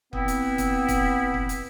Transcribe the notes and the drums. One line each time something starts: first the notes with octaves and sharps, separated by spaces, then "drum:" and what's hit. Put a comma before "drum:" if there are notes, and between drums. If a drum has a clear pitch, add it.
B3 C4 E4, drum: kick
drum: hi-hat
drum: kick, hi-hat
drum: kick, hi-hat
drum: kick
drum: hi-hat